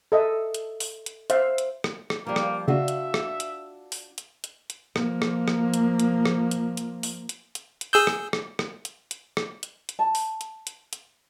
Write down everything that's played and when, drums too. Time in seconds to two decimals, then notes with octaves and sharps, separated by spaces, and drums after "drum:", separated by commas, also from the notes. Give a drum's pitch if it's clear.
0.12 A4 D#5 E5
0.54 drum: hi-hat
0.80 drum: open hi-hat
1.06 drum: hi-hat
1.30 C5 E5 F5, drum: hi-hat
1.58 drum: hi-hat
1.84 drum: rim click
2.10 drum: rim click
2.26 F3 G3 A#3
2.36 drum: rim click
2.68 C#3 D4 F4 F#4 E5
2.88 drum: hi-hat
3.14 drum: rim click
3.40 drum: hi-hat
3.92 drum: open hi-hat
4.18 drum: hi-hat
4.44 drum: hi-hat
4.70 drum: hi-hat
4.96 F3 A#3, drum: rim click
5.22 drum: rim click
5.48 drum: rim click
5.74 drum: hi-hat
6.00 drum: hi-hat
6.25 drum: rim click
6.51 drum: hi-hat
6.77 drum: hi-hat
7.03 drum: open hi-hat
7.29 drum: hi-hat
7.55 drum: hi-hat
7.81 drum: hi-hat
7.93 G#4 E6 G6
8.07 drum: rim click
8.33 drum: rim click
8.59 drum: rim click
8.85 drum: hi-hat
9.11 drum: hi-hat
9.37 drum: rim click
9.63 drum: hi-hat
9.89 drum: hi-hat
9.99 A5
10.15 drum: open hi-hat
10.41 drum: hi-hat
10.67 drum: hi-hat
10.93 drum: hi-hat